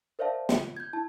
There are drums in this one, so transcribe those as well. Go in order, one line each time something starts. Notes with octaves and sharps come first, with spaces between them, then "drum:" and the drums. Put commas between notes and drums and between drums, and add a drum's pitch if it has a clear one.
A#4 C5 D5 E5 F5 A5
F4, drum: snare
G6 G#6
E4 A5